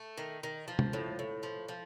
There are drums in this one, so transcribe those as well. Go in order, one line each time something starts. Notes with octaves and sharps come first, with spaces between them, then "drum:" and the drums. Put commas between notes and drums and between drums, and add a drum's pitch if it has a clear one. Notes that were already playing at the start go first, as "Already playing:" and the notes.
Already playing: A3
D#3
D#3
F3
drum: tom
A2
A2
F3
F3